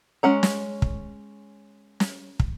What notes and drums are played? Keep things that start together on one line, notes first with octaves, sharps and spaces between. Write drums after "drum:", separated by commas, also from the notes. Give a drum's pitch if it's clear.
G#3 C#4 F#5 A#5
drum: snare
drum: kick
drum: snare
drum: kick